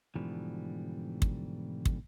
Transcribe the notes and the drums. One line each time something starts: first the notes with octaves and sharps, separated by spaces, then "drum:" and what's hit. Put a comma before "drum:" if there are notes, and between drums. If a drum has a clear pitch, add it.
G#2 B2 D3 E3 F3 G3
drum: kick
drum: kick